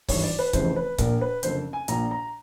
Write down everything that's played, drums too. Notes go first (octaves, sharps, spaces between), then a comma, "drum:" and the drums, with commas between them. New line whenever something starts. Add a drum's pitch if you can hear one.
G#1 G2 E3 C#5, drum: kick C#1, open hi-hat
D5
B4
F1 F2 C#3 E3 C5, drum: kick C#1, hi-hat
B4
A#1 A#2 A#4, drum: kick C#1, hi-hat
B4
F#1 F2 D3 C5, drum: hi-hat
G#5
A#1 A#2 A#5, drum: hi-hat
A#5